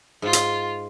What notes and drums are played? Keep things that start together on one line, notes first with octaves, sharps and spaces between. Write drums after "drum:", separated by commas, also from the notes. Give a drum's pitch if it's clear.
G#2 F4
drum: hi-hat